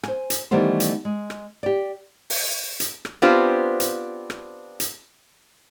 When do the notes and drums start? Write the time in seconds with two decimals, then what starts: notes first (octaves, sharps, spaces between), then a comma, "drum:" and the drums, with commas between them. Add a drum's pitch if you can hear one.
0.03 C5 G#5, drum: rim click
0.30 drum: hi-hat
0.51 D#3 E3 G3 A3 B3 C5
0.80 drum: hi-hat
1.05 G#3
1.30 drum: rim click
1.63 G4 D5
2.30 drum: open hi-hat
2.80 drum: hi-hat
3.05 drum: rim click
3.22 B3 C4 D4 F4 G4 C5
3.80 drum: hi-hat
4.30 drum: rim click
4.80 drum: hi-hat